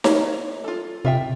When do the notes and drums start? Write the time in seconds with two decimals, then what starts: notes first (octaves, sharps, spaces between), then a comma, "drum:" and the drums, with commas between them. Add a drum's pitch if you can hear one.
0.04 C#5 F5 A#5, drum: snare D#4
0.64 F4 A4
1.05 C3 F4 E5 G5